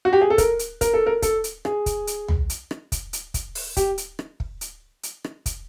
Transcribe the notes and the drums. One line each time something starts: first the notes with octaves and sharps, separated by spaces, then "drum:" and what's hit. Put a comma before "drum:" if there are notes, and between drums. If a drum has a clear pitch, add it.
F#4
G4
G#4
A4
A#4, drum: kick, hi-hat
drum: hi-hat
A#4, drum: kick, hi-hat
A4
A#4
A4, drum: kick, hi-hat
drum: hi-hat
G#4, drum: rim click
drum: kick, hi-hat
drum: hi-hat
drum: tom
drum: hi-hat
drum: rim click
drum: kick, hi-hat
drum: hi-hat
drum: kick, hi-hat
drum: open hi-hat
G4, drum: kick, hi-hat
drum: hi-hat
drum: rim click
drum: kick
drum: hi-hat
drum: hi-hat
drum: rim click
drum: kick, hi-hat